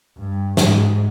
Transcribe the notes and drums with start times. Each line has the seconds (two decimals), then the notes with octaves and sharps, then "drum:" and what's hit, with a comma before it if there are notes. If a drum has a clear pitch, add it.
0.17 G2
0.57 G#2, drum: snare